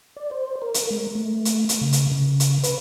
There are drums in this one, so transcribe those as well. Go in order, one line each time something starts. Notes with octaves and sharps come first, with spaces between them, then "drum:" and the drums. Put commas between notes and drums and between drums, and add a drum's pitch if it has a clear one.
D5
C5
A#4
drum: hi-hat
G#3
A3
drum: hi-hat
drum: hi-hat
C#3
drum: hi-hat
C#3
drum: hi-hat
B4, drum: hi-hat